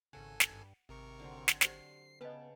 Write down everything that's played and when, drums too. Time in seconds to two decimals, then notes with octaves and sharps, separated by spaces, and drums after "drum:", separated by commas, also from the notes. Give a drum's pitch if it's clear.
0.13 G#1 C#3 A4 F#5 G#5
0.40 drum: snare
0.49 G2
0.89 G#1 C3 A#4 C#6
1.19 D3 F#3 C4
1.48 drum: snare
1.61 G4 C5 D5 C7, drum: snare
2.21 C#3 B3 B4 D#5 G5 A5